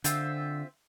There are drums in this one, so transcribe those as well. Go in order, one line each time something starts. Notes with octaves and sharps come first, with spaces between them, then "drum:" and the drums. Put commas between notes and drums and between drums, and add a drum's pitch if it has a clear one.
D3 C4 F4 E5, drum: hi-hat